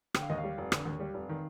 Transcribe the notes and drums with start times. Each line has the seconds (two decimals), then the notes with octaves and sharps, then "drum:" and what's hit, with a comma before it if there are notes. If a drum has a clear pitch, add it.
0.14 D3 G5, drum: rim click
0.22 F5
0.30 D#2 D#5
0.38 F5
0.44 G3
0.58 F1
0.72 D3, drum: rim click
0.85 D#2
1.00 G3
1.14 F1
1.29 D#3